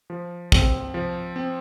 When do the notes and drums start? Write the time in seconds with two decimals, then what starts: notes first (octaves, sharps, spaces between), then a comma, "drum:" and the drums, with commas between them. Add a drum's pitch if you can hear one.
0.10 F3
0.52 C4, drum: kick
0.94 F3
1.36 C4